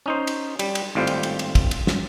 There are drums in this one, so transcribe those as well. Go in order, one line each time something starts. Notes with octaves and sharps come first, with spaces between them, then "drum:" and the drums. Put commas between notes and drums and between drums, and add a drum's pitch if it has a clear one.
C#4 D#4 C5
drum: cymbal
G3, drum: cymbal
drum: cymbal
G#1 A2 G3 F4 C5
drum: cymbal
drum: cymbal
drum: cymbal
drum: kick, cymbal
drum: cymbal
drum: snare